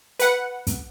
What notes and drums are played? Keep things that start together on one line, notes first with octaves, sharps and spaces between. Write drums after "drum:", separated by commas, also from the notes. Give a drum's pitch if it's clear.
B4 F#5, drum: hi-hat
drum: kick, hi-hat